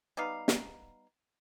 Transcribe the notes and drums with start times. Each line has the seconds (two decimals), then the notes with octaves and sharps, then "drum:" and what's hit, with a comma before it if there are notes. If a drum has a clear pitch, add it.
0.17 G3 B3 D#4 F5
0.48 drum: snare